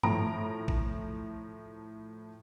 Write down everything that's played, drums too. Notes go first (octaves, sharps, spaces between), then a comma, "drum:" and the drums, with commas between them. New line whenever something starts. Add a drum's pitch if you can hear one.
A2 F3 A#5 D7, drum: tom G2
drum: kick